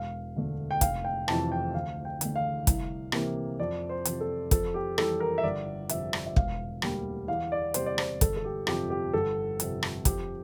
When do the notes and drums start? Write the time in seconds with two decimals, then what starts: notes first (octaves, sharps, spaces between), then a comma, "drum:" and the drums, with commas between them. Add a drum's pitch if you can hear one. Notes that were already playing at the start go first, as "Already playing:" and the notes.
Already playing: E1 F5
0.36 D2 D3 A3
0.71 G5
0.81 F1 F5, drum: kick, hi-hat
1.05 G5
1.28 F2 C3 E3 A5, drum: rim click
1.52 G5
1.74 D2 F5
2.05 G5
2.21 D3 A3, drum: hi-hat
2.36 F5
2.67 C2, drum: kick, hi-hat
3.12 C3 E3 A#3, drum: rim click
3.60 F2 D5
3.89 C5
4.05 C3 F3, drum: hi-hat
4.21 A4
4.51 F2 A4, drum: kick, hi-hat
4.74 G4
4.98 E3 G3 A4, drum: rim click
5.20 A#4
5.38 E5
5.44 G1 D5
5.89 F2 C3 E5, drum: hi-hat
6.13 drum: rim click
6.26 E5
6.36 E1 F5, drum: kick
6.82 D2 D3 G3 A#3, drum: rim click
7.28 E2 F5
7.52 D5
7.74 C3 G3 C5, drum: hi-hat
7.86 D5
7.98 C5, drum: rim click
8.21 G1 A4, drum: kick, hi-hat
8.36 A4
8.44 G4
8.67 F2 C3 F3 G4, drum: rim click
8.90 G4
9.13 G1 A4
9.60 F2 C3, drum: hi-hat
9.83 drum: rim click
10.05 F2 G4, drum: kick, hi-hat